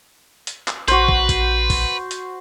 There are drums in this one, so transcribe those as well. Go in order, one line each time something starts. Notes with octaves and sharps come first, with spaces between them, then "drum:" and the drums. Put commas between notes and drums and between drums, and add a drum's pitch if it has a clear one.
drum: hi-hat
drum: clap
A#1 F#4 B4 C5, drum: hi-hat
drum: kick
drum: kick, hi-hat
drum: kick, open hi-hat
drum: hi-hat